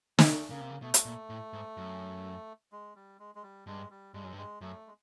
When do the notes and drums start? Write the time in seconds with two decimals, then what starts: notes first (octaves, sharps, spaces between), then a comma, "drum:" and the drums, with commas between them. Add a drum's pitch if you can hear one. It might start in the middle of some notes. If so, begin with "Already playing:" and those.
0.19 C3 A3, drum: snare
0.50 C#3 A#3
0.60 C3
0.70 C#3
0.82 B2 A3
0.94 drum: hi-hat
1.05 A#2
1.30 A2
1.53 G#2
1.77 F#2
2.72 G#3
2.96 G3
3.19 G#3
3.35 G#3
3.43 G3
3.67 G2 G#3
3.90 G3
4.14 G2 G#3
4.24 F#2
4.33 G2
4.38 G#3
4.61 F#2 A3
4.88 G#3